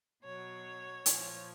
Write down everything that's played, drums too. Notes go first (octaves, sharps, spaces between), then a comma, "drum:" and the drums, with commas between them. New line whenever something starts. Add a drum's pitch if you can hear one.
B2 F#3 C#5
A#2 F3, drum: hi-hat